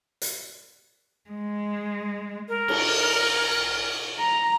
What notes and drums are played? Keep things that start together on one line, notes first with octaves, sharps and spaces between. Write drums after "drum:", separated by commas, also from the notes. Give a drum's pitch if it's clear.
drum: hi-hat
G#3
A#4
drum: cymbal
A#5